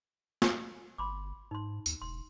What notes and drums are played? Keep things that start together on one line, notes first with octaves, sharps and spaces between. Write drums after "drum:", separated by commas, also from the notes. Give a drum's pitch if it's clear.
drum: snare
G1 B5 C6 D6
G#2 D#4 C6
D#2, drum: tambourine
E1 C6